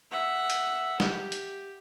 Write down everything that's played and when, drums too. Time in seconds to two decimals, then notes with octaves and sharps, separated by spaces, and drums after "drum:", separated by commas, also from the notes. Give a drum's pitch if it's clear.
0.11 E5 F#5
0.50 drum: hi-hat
1.00 G4, drum: snare
1.32 drum: hi-hat